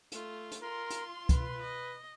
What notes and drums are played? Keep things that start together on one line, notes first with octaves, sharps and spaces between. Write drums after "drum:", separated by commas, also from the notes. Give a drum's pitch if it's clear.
A3 F4, drum: hi-hat
drum: hi-hat
F4 A#4 C6
drum: hi-hat
B4, drum: kick, hi-hat
D#5